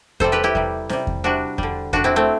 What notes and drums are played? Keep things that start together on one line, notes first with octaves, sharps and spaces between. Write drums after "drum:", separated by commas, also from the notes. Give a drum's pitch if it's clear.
C3 G3 A4 C5, drum: kick E2
G4 B4
E4 G4
C3 G3, drum: kick E2
C3 G3, drum: snare C#4
drum: kick E2
C3 G3 D4 F#4
D3 G3, drum: kick E2
D3 G3 D4 F#4, drum: kick E2
C4 E4
A3 C4